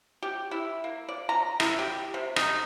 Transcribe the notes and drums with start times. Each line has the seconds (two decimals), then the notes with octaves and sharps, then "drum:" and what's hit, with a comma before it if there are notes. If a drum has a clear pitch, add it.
0.23 G4
0.51 E4
0.84 A#3
1.09 D5
1.29 A#5
1.60 E4, drum: rim click
1.79 G4
2.14 C3
2.36 D#4, drum: rim click